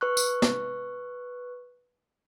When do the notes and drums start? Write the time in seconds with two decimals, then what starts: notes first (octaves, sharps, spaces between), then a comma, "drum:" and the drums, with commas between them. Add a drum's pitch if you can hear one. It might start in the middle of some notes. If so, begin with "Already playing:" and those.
0.01 B4 C#6 F#6
0.17 drum: tambourine
0.42 drum: snare